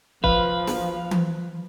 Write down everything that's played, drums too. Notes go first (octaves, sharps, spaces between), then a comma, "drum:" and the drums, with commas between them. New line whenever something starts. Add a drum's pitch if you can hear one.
F3 B4 F5, drum: kick
drum: snare
drum: tom E3